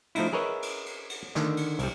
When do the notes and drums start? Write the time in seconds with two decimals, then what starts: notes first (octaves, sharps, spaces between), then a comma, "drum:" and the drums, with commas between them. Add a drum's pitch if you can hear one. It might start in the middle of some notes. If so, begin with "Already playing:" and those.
0.15 F3 A3 D#4 E4, drum: cymbal
0.33 G#4 A#4 B4 C#5 D#5 E5
0.62 drum: cymbal
0.86 drum: cymbal
1.10 drum: cymbal
1.35 D3 D#3, drum: snare
1.57 drum: cymbal
1.79 C2 G3, drum: cymbal